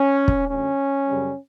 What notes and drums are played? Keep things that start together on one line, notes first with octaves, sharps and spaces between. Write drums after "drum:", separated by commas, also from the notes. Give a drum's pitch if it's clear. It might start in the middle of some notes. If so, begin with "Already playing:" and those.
Already playing: C#4
drum: kick
F#2 D3 F#3 A3 C#4
F#2 C#3 G3